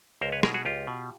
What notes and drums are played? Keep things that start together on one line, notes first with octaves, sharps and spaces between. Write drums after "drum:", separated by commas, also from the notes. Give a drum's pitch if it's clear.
C#2 A#4 C5
B4 C#5
B2 G#4 A#4, drum: rim click
F#4 G#4
C#2 F4 G4
B2